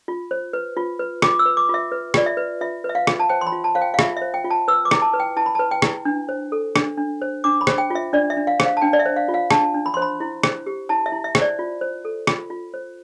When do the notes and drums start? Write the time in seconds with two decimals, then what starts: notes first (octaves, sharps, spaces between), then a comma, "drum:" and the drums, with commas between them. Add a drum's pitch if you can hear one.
0.08 F4
0.31 C5
0.53 B4
0.77 F4
0.99 B4
1.22 F4 D6, drum: rim click
1.39 E6
1.45 B4
1.57 D6
1.69 F4
1.74 E5
1.92 B4
2.14 F4 D5, drum: rim click
2.26 E5
2.37 B4
2.61 F4 E5
2.84 B4
2.89 E5
2.95 F5
3.07 F4, drum: rim click
3.19 A5
3.29 C5 G5
3.41 C6
3.47 B5
3.52 F4
3.64 A5
3.75 C5 F5
3.81 G5
3.94 F5
3.99 F4 E5, drum: rim click
4.17 E5
4.22 C5
4.34 G5
4.44 F4
4.50 A5
4.68 B4 E6
4.85 D6
4.91 E4, drum: rim click
5.02 A5
5.14 B4
5.20 G5
5.37 E4 A5
5.46 B5
5.55 A5
5.59 B4
5.71 G5
5.82 E4, drum: rim click
6.05 D4
6.29 C5
6.52 A4
6.76 D4, drum: rim click
6.97 D4
7.22 C5
7.44 D4 D6
7.61 B5
7.67 C5, drum: rim click
7.78 G5
7.90 F4 E5
8.13 D4 D5
8.30 E5
8.37 D4
8.47 F5
8.60 C5, drum: rim click
8.65 F5
8.77 A5
8.81 D4 G5
8.93 D5
8.99 E5
9.06 C5
9.16 F5
9.28 F4
9.34 F5
9.51 D4 A5, drum: rim click
9.74 D4
9.86 B5
9.94 C5 C6
10.02 B5
10.20 E4
10.43 C5, drum: rim click
10.66 G4
10.89 E4 A5
11.06 E5
11.12 E4
11.24 E5
11.35 C5, drum: rim click
11.42 D5
11.59 F4
11.81 C5
12.05 A4
12.27 F4, drum: rim click
12.50 F4
12.74 C5